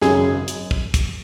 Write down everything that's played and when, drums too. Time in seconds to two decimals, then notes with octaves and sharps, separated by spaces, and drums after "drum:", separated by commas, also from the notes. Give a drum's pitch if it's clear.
0.01 G#1 F#2 C#3 F#3 G#4, drum: snare
0.48 drum: hi-hat
0.71 drum: kick
0.94 drum: kick, hi-hat